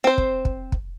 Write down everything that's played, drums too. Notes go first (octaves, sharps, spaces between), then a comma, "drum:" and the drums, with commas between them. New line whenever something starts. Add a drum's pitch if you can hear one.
C4 C5
drum: kick
drum: kick
drum: kick